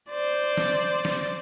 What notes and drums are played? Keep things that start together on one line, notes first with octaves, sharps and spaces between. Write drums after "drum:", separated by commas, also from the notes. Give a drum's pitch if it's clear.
C5 D5
drum: snare
drum: snare